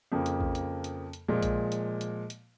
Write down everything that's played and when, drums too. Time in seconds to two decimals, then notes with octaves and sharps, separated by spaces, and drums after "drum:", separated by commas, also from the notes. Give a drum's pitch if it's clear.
0.12 F2 C#3 F3 A#3
0.26 drum: hi-hat
0.40 drum: kick A#1
0.55 drum: hi-hat
0.84 drum: hi-hat
1.13 drum: hi-hat
1.28 A#2 F3 G#3
1.43 drum: kick A#1, hi-hat
1.72 drum: hi-hat
2.01 drum: hi-hat
2.30 drum: hi-hat